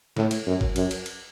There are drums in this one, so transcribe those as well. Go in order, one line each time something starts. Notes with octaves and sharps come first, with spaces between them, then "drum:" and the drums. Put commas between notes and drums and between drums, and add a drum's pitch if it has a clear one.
A2, drum: snare
drum: cymbal
F#2
drum: kick G1
F#2, drum: cymbal
drum: cymbal
drum: cymbal